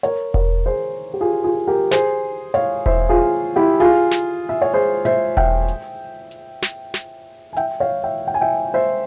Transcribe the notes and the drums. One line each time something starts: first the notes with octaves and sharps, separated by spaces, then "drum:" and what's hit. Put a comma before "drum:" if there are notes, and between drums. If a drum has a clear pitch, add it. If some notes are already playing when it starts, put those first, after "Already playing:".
A#4 C#5, drum: hi-hat
A#4 C#5, drum: kick E1
G#4 C5
G4
F4 G#4
F4 G#4
G4 A#4
G#4 C5, drum: snare
C#5 F5, drum: hi-hat
C5 E5, drum: kick E1
F4 G#4
E4 G4
F4 G#4, drum: hi-hat
drum: snare
E5
C#5
G#4 C5
C5 E5, drum: hi-hat
E5 G5, drum: kick E1
drum: hi-hat
drum: hi-hat
drum: snare
drum: snare
G#5
E5 G5, drum: hi-hat
C#5 F5
E5 G5
G5
G#5
E5 G5
C5 E5